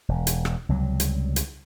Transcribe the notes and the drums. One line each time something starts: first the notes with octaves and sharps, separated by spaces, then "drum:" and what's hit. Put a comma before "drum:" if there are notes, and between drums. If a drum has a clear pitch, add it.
E1
drum: hi-hat
drum: rim click
C#2 C3 F#3 G3
drum: hi-hat
drum: hi-hat